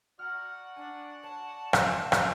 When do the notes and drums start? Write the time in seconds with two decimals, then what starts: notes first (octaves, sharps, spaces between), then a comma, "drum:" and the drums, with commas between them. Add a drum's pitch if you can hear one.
0.19 F#4 D5 F#5 A#5 F6
0.76 D4 G#5
1.23 C#5 A5
1.73 C6, drum: rim click
2.12 drum: rim click